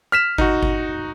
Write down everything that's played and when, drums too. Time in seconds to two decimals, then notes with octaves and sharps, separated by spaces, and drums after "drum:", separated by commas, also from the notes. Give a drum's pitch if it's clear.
0.12 F6 B6 E7
0.38 D#4 F#4, drum: kick G1
0.63 drum: kick G1